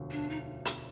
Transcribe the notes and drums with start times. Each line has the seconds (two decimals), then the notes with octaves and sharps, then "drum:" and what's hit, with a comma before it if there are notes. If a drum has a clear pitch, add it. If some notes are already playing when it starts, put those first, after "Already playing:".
Already playing: E1 D2 D3 F3
0.11 D4
0.30 D#4
0.65 drum: hi-hat